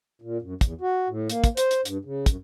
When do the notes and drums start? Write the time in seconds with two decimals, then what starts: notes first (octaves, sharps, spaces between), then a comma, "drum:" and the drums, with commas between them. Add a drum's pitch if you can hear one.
0.22 A#2
0.42 F#2
0.61 E2, drum: kick, hi-hat
0.81 F#4
1.09 A2
1.30 A#3, drum: hi-hat
1.44 drum: kick, hi-hat
1.57 C5, drum: hi-hat
1.71 drum: hi-hat
1.85 G2, drum: hi-hat
2.05 C#3
2.26 F#2, drum: kick, hi-hat